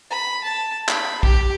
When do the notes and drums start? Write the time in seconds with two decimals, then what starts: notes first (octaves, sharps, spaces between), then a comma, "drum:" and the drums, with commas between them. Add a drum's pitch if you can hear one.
0.10 B5
0.44 A5
0.89 B5, drum: clap
1.23 G4, drum: kick B1